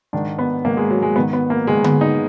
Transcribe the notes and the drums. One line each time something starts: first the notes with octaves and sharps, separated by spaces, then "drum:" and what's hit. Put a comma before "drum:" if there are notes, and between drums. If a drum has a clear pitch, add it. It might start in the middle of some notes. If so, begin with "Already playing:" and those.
G#2 D#3 D4
B3
G#2 D#3 A#3
G#3
F#3
G#3
G#2 D#3 B3
B3
A#3
G#2 D#3 G#3
B3, drum: tom D3
D#4